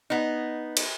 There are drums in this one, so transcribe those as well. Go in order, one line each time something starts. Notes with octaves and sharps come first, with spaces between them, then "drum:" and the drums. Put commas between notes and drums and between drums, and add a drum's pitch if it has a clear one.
B3 D#4
drum: cymbal